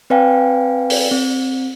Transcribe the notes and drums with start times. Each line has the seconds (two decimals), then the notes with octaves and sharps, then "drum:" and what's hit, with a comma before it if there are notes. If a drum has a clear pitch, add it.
0.10 C4 B4 D5 F5 G5 G#5
0.90 drum: open hi-hat
1.11 C4